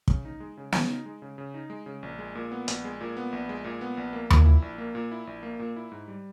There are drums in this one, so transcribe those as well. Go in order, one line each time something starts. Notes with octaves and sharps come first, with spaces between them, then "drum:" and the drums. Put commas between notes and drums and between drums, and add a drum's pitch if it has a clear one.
C#3, drum: kick
D#4
G#3
C#3
C#3, drum: snare
D#4
G#3
C#3
C#3
D#4
G#3
C#3
A#1
G#3
A#2
B3
A#1, drum: hi-hat
G#3
A#2
B3
A#1
G#3
A#2
B3
A#1
A#3
A#2, drum: tom D#2
E4
A#1
A#3
A#2
E4
A#1
A#3
A#2
E4
G#2
G3